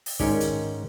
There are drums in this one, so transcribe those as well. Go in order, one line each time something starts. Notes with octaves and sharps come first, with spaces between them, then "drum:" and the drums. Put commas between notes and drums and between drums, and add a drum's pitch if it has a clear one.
drum: open hi-hat
G#2 D#3 G#3 C#4 D#4 D5, drum: kick
drum: hi-hat